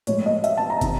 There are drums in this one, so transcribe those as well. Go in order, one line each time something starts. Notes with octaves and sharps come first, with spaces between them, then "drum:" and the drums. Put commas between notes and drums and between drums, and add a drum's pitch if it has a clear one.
A2 F3 G#3 C#5, drum: hi-hat
D#5
E5, drum: hi-hat
A5
A#5
C3 E3, drum: kick, hi-hat